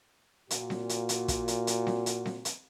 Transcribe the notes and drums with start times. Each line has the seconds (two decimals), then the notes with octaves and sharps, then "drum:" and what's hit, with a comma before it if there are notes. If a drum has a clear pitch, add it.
0.50 A#2 F#4, drum: hi-hat
0.70 drum: snare C4
0.89 drum: hi-hat
1.09 drum: hi-hat
1.28 drum: kick, hi-hat
1.48 drum: hi-hat
1.67 drum: hi-hat
1.87 drum: snare C4
2.06 drum: hi-hat
2.26 drum: snare C4
2.45 drum: hi-hat